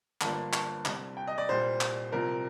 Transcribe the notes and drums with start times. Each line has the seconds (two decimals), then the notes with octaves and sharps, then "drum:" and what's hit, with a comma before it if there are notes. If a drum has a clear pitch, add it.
0.21 G1 G2 F3 A#3 D4 A5, drum: clap
0.53 A5, drum: clap
0.85 C2 C3 G3, drum: clap
1.17 G5
1.27 D#5
1.38 D5
1.49 C2 A#2 G3 C5
1.81 drum: clap
2.12 C2 C3 F3 A#4